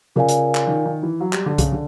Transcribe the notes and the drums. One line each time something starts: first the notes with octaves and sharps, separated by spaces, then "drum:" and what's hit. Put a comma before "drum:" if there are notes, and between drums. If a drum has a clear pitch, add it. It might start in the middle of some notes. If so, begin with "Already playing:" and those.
C#3 F4 A#4 D5 F5 G#5
drum: hi-hat
drum: clap
D#3
D#3
E3
F#3
G3, drum: clap
D3
C#3, drum: kick C2, hi-hat
D3